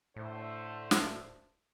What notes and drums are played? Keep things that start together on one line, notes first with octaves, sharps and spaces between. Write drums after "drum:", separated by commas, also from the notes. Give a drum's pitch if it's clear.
A2 D3 A3 C5
drum: snare